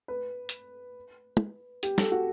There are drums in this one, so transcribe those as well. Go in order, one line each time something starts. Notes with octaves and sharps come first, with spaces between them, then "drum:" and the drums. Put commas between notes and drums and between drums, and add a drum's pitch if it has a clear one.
B4
drum: hi-hat
drum: tom
G4, drum: hi-hat
A4, drum: snare
F#4